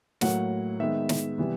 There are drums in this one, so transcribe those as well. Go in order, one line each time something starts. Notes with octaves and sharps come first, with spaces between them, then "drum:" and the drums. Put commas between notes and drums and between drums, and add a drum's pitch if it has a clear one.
A2 F#3 A#3 F#5, drum: snare
D#3 G#3 B3 E5
drum: snare
C3 E3 G3 B3